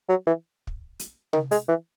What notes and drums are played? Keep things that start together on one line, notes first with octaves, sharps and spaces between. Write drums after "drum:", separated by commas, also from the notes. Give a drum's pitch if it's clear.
F#3
E3
drum: kick
drum: hi-hat
D#3, drum: tom C3
G#3, drum: open hi-hat
E3